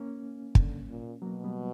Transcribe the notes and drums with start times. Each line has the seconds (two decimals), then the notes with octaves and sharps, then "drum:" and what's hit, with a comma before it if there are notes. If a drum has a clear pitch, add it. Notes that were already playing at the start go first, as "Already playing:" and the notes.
Already playing: A#3 C#4
0.55 D3, drum: kick
0.89 A#2
1.22 B2 F#3 A#3
1.44 G3 B3